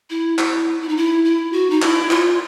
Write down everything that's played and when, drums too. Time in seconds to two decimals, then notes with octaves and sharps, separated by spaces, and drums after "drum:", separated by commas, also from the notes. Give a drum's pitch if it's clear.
0.10 E4
0.39 E4, drum: clap
0.81 E4
0.89 D#4
0.97 E4
1.25 E4
1.53 F#4
1.70 D#4
1.82 E4, drum: clap
2.11 F4, drum: clap